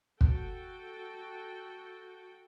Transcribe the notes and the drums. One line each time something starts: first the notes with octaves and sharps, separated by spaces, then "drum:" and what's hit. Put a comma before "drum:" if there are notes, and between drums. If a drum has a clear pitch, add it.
F#4 A4 G5, drum: kick